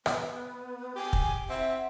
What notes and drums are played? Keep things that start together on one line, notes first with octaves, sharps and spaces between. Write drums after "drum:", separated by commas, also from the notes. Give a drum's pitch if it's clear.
B3, drum: rim click
G4 G#5
drum: kick
C4 E5 F#5